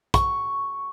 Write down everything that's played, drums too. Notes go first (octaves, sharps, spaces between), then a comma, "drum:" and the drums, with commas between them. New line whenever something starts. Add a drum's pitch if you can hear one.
C#6, drum: kick, hi-hat